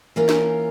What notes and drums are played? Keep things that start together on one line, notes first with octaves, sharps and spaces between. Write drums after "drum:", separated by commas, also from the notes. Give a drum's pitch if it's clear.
E3 A#3 C#4 F4 A#4
drum: snare